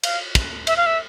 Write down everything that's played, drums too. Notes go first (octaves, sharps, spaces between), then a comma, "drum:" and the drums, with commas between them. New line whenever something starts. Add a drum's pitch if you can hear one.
F5, drum: cymbal
drum: kick, cymbal
E5, drum: cymbal
F5
E5